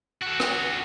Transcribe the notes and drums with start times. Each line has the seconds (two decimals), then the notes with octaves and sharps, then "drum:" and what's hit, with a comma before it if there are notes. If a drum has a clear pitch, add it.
0.22 F#4 A4
0.40 drum: rim click